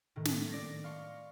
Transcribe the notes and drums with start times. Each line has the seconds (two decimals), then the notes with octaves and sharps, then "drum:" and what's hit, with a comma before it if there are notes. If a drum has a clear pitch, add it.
0.16 A2 D#3
0.25 drum: snare
0.52 D5 A6 A#6
0.84 F5 C6 C#6 C7